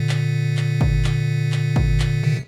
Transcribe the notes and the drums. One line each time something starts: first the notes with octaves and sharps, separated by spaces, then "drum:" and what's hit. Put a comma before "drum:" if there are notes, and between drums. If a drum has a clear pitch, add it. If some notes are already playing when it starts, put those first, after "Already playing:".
Already playing: A#2 D3
drum: clap
drum: clap
drum: kick
drum: clap
drum: clap
drum: kick
drum: clap
C3 D#3